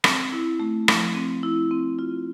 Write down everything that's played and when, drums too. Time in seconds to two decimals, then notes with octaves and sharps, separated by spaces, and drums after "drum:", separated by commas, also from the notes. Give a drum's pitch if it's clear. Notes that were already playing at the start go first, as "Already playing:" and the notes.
0.04 C4, drum: rim click
0.32 E4
0.60 A3
0.88 F3, drum: rim click
1.15 C4
1.43 E4
1.71 C4
1.99 F4